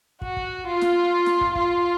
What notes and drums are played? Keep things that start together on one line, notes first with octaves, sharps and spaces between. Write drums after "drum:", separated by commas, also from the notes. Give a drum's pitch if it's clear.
F#4, drum: kick
drum: kick
F4
drum: snare
drum: snare
drum: kick
F4, drum: kick